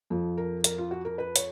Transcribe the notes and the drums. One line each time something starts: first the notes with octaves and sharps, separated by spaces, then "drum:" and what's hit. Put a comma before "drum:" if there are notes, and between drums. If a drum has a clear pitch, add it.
F2 F3
A#4
A#4, drum: hi-hat
F4
F#4
A#4
B4
C#5, drum: hi-hat